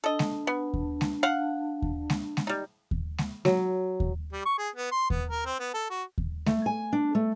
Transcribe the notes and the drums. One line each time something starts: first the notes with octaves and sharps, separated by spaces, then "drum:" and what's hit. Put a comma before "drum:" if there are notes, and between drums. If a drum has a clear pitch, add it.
D4 A4 D#5
drum: snare G#3
B3
drum: kick D#2
drum: snare G#3
F5 F#5
drum: kick D#2
drum: snare G#3
drum: snare G#3
G3 D#4
drum: kick D#2
drum: snare G#3
F#3, drum: snare G#3
drum: kick D#2
G3
C#6
G#4
B3
C6
B3, drum: kick D#2
A#4
C4
B3
A4
F#4
drum: kick D#2
A3, drum: snare G#3
G#5
D4
A3